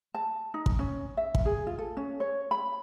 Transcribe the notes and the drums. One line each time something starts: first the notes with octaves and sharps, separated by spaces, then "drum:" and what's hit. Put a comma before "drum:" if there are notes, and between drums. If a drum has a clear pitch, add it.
A5
D#4
drum: kick
C#4
E5
drum: kick
G#4
F4
A4
C#4
C#5
B5